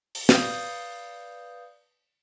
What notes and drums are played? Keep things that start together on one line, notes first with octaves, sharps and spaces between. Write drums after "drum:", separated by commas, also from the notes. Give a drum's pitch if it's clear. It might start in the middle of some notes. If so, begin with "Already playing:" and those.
drum: open hi-hat
B4 D5 F5 D#6 G6, drum: snare